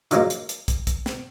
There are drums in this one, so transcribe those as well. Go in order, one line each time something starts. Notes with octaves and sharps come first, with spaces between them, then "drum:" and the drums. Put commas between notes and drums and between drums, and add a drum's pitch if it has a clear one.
D3 F3 F#3 G#3 A#3, drum: hi-hat
drum: hi-hat
drum: hi-hat
drum: kick, hi-hat
drum: kick, hi-hat
drum: snare